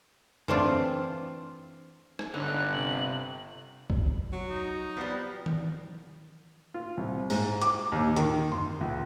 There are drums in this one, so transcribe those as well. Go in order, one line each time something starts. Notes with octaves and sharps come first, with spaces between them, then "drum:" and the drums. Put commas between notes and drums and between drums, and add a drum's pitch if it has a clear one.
E3 A3 C4 D4 F4, drum: tom F#2
drum: rim click
G1 D3 C#4 D#4 F#6
C3 F#7
drum: kick
F#3
D#4
F3 G3 B3
drum: tom D#3
F4
C2
G#2, drum: open hi-hat
D6, drum: hi-hat
D#2
D#3, drum: hi-hat
C6, drum: tom F#2
C#2